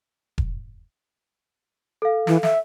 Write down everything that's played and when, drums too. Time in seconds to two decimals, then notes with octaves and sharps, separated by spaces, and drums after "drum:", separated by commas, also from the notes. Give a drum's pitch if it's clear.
0.38 drum: kick E1
2.02 A4 F5
2.27 E3, drum: snare
2.43 E5, drum: snare